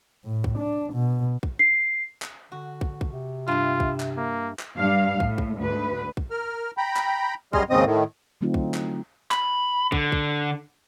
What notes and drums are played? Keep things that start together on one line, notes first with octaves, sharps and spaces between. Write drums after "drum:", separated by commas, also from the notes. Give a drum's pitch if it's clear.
A2
drum: kick
D4
B2
drum: kick
C7
drum: clap
D3 F#4
drum: kick
drum: kick
C3
G2 E4 F4
drum: kick
drum: clap
A#3
drum: clap
G2 F5
A2, drum: kick
drum: kick
D2 G#2 B4
drum: kick
A#4 F6
G5 A#5 B5
drum: clap
F#2 G3 G#4 D#5 C6 F6, drum: kick
D#2 G#2 C#3 C4 D#5 D#6
A2 D#3
D3 F#3 A3 C4 D#4 F4
drum: kick
drum: clap
B5, drum: clap
D3, drum: kick
drum: kick